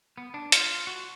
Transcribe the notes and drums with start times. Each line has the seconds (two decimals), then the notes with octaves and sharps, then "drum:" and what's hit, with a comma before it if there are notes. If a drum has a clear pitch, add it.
0.18 B3
0.34 D4
0.52 F4, drum: hi-hat
0.87 F#4